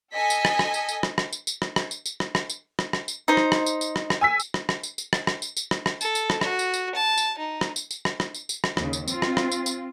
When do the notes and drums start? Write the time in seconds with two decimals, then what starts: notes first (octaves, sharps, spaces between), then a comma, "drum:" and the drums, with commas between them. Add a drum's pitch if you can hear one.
0.14 A4 D#5 G#5 B6
0.30 drum: tambourine
0.45 drum: rim click
0.59 drum: rim click
0.74 drum: tambourine
0.89 drum: tambourine
1.03 drum: rim click
1.18 drum: rim click
1.32 drum: tambourine
1.47 drum: tambourine
1.62 drum: rim click
1.76 drum: rim click
1.91 drum: tambourine
2.06 drum: tambourine
2.20 drum: rim click
2.35 drum: rim click
2.49 drum: tambourine
2.79 drum: rim click
2.93 drum: rim click
3.08 drum: tambourine
3.28 D#4 C5
3.37 drum: rim click
3.52 drum: rim click
3.66 drum: tambourine
3.81 drum: tambourine
3.96 drum: rim click
4.10 drum: rim click
4.21 G#5 E6 B6
4.40 drum: tambourine
4.54 drum: rim click
4.69 drum: rim click
4.83 drum: tambourine
4.98 drum: tambourine
5.13 drum: rim click
5.27 drum: rim click
5.42 drum: tambourine
5.57 drum: tambourine
5.71 drum: rim click
5.86 drum: rim click
6.01 A4, drum: tambourine
6.15 drum: tambourine
6.30 drum: rim click
6.41 F#4, drum: rim click
6.59 drum: tambourine
6.74 drum: tambourine
6.95 A5
7.17 drum: tambourine
7.38 D#4
7.61 drum: rim click
7.76 drum: tambourine
7.91 drum: tambourine
8.05 drum: rim click
8.20 drum: rim click
8.34 drum: tambourine
8.49 drum: tambourine
8.64 drum: rim click
8.77 D#2 C#3, drum: rim click
8.93 drum: tambourine
9.08 C4 F4, drum: tambourine
9.22 drum: rim click
9.37 drum: rim click
9.51 drum: tambourine
9.66 drum: tambourine